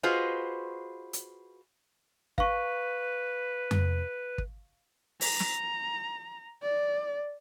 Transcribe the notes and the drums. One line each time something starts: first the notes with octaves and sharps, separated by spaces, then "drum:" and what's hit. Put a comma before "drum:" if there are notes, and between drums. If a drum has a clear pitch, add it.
F4 F#4 G#4 B4 C5 D#5
drum: hi-hat
B4 F5 C#6, drum: kick
drum: tom F2
drum: kick
A#5, drum: open hi-hat
drum: snare
D5